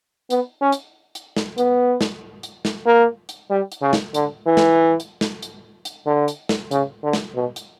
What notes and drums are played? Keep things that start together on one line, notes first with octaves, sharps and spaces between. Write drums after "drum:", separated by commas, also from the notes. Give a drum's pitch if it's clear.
B3, drum: hi-hat
C#4
drum: hi-hat
drum: hi-hat
drum: snare
B3, drum: hi-hat
drum: snare
drum: hi-hat
drum: snare
A#3
drum: hi-hat
G3
drum: hi-hat
C#3
drum: snare
D3, drum: hi-hat
E3
drum: snare
drum: hi-hat
drum: snare
drum: hi-hat
drum: hi-hat
D3
drum: hi-hat
drum: snare
C#3, drum: hi-hat
D3
drum: snare
B2
drum: hi-hat